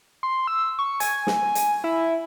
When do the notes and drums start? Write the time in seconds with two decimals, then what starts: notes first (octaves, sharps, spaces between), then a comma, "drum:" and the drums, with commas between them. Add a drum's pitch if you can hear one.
0.23 C6
0.47 E6
0.79 C#6
1.00 G#5, drum: hi-hat
1.27 drum: snare
1.55 drum: hi-hat
1.84 E4